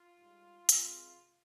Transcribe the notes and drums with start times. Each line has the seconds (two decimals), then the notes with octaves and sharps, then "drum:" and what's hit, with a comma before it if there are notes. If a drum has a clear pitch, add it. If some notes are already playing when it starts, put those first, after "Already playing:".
Already playing: F4
0.17 G#2 G3
0.69 C3 F3 G#3 F4, drum: hi-hat